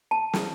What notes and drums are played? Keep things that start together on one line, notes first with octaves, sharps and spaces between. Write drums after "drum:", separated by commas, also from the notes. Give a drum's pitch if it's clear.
A5
drum: snare